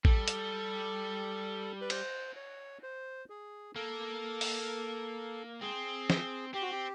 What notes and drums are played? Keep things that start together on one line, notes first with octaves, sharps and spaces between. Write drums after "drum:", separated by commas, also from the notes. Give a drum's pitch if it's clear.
G3 A4, drum: kick A1
drum: hi-hat
B4
C5, drum: cymbal
C#5
C5
G#4
A#3 A4
drum: open hi-hat
C4 G#4
drum: snare
C4 G4
F#4
G4